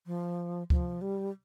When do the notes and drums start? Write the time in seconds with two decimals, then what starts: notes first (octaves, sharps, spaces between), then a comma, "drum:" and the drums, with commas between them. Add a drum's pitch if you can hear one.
0.06 F3
0.70 F3, drum: kick
1.01 G3